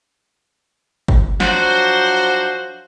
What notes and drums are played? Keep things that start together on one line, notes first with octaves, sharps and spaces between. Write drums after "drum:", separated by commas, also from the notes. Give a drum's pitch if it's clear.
drum: kick
F3 F#3 D4 F#4 C5, drum: snare